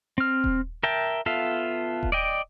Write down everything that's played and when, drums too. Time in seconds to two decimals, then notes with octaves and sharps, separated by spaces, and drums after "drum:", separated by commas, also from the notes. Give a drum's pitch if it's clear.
0.18 C4 F6
0.44 drum: kick D#1
0.83 A#4 E5 G5 A5
1.26 B3 F4 A4 E5 F5
2.03 drum: kick D#1
2.12 D5 D#5 G5